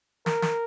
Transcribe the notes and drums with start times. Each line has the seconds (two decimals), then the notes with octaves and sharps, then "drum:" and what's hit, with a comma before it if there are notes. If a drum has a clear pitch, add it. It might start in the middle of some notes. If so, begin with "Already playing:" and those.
0.26 A#4, drum: snare
0.42 drum: snare